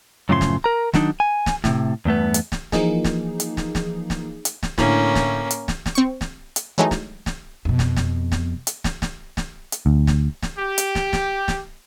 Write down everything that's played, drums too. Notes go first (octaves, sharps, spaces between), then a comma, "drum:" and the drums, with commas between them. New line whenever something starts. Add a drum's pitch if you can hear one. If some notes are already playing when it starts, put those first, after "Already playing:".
F#2 A2 C#3 F3 A#4 C6
drum: snare
A#4 A#5
D#3 F#3 D4 D#4, drum: snare
G#5
drum: snare
A2 C3, drum: snare
E2 G2 A3 B3
drum: hi-hat
drum: snare
E3 F3 A#3 D#4 G#4, drum: snare
drum: snare
drum: hi-hat
drum: snare
drum: snare
drum: snare
drum: hi-hat
drum: snare
A2 D3 A#3 C#4, drum: snare
drum: snare
drum: hi-hat
drum: snare
drum: snare
C4 C#6
drum: snare
drum: hi-hat
E3 F#3 G#3 A3 D#4
drum: snare
drum: snare
F2 B2
drum: snare
drum: snare
drum: snare
drum: hi-hat
drum: snare
drum: snare
drum: snare
drum: hi-hat
D2
drum: snare
drum: snare
G4
drum: hi-hat
drum: snare
drum: snare
drum: snare